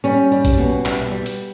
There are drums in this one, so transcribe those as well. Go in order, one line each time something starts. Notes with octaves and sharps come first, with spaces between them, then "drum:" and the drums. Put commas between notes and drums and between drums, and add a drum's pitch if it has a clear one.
G3 C#4
G3
drum: kick A#1, hi-hat
B2
G3, drum: clap
G3
drum: hi-hat